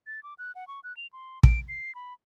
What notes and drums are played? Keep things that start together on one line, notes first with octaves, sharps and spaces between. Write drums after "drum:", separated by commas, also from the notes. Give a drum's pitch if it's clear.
A6
D6
F#6
F#5
C#6
F#6
F7
C6
D7, drum: kick
C7
B5